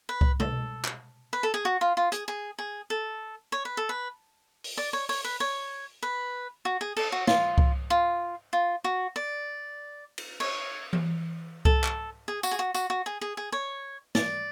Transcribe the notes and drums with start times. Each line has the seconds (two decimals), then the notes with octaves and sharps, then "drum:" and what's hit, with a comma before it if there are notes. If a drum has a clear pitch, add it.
0.09 B4
0.21 drum: kick C2
0.40 A4, drum: tom B2
0.85 drum: clap
1.33 B4
1.43 A4
1.54 G#4
1.65 F#4
1.81 F4
1.97 F4
2.12 G#4, drum: hi-hat
2.28 G#4
2.59 G#4
2.90 A4
3.52 C#5
3.65 B4
3.77 A4
3.89 B4
4.64 drum: open hi-hat
4.77 D5
4.93 C#5
5.09 C#5, drum: open hi-hat
5.24 B4
5.40 C#5
6.03 B4
6.65 F#4
6.81 G#4
6.97 A4, drum: cymbal
7.12 F#4
7.27 F4, drum: snare
7.58 drum: kick C2
7.90 F4
8.53 F4
8.84 F#4
9.16 D5
10.18 drum: cymbal
10.40 C#5, drum: cymbal
10.93 drum: tom E3
11.65 A4, drum: kick C2
11.84 drum: clap
12.28 G#4
12.43 F#4, drum: tambourine
12.51 G#4
12.59 F#4
12.74 F#4, drum: tambourine
12.90 F#4
13.06 G#4
13.21 G#4
13.37 G#4
13.52 C#5
14.15 D5, drum: snare